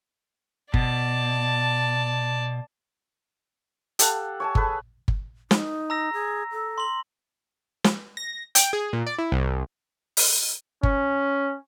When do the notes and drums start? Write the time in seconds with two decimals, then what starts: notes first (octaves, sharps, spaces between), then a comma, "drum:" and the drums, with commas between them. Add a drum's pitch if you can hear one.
0.74 B2 D5 A5, drum: kick G1
3.99 G4 A4 F5 F#5, drum: hi-hat
4.40 C#5 G#5 A5
4.55 G#4 A4 B4, drum: kick G1
5.08 drum: kick G1
5.51 D#4, drum: snare
5.90 A#5 E6 A#6
6.13 G#4
6.52 A4
6.78 C6 F#7
7.84 drum: snare
8.17 A#6
8.55 G5, drum: hi-hat
8.73 G#4
8.93 A#2
9.07 D5
9.18 E4
9.32 C2
10.17 drum: open hi-hat
10.83 C#4, drum: kick G1